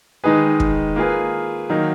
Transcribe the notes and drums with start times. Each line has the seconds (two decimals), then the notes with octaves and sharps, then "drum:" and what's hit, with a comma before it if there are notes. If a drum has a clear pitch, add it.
0.24 D#3 G#3 D#4 G#4 B4
0.60 drum: kick
0.96 A#3 F4 G#4 B4
1.69 D#3 F#3 A#3 D#4